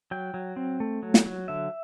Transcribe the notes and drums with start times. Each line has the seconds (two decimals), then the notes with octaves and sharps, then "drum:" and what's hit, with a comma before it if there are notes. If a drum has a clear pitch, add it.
0.11 F#3 G5
0.34 F#3
0.56 C4
0.80 A3
1.03 F#3
1.14 drum: snare
1.26 F#3
1.48 D3 E5